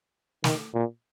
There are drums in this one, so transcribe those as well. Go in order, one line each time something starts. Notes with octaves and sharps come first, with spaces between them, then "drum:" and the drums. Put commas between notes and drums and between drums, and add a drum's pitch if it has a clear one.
D#3, drum: snare
A#2